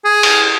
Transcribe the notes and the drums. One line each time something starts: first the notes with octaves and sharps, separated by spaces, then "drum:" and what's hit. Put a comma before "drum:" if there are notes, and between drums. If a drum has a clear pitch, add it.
G#4
drum: cymbal